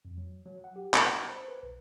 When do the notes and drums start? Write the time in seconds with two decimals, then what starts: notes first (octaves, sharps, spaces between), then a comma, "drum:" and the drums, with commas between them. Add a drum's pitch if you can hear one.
0.05 F2
0.18 F#3
0.46 F#3
0.64 F#5
0.76 G4
0.94 F#5, drum: clap
1.11 A#5
1.29 C5
1.48 B4
1.63 B1